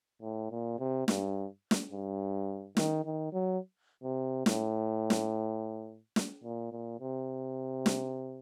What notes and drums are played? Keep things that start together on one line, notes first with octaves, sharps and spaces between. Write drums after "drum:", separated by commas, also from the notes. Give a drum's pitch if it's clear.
A2
A#2
C3
G2, drum: snare
drum: snare
G2
D#3, drum: snare
D#3
F#3
C3
A2, drum: snare
drum: snare
drum: snare
A#2
A#2
C3
drum: snare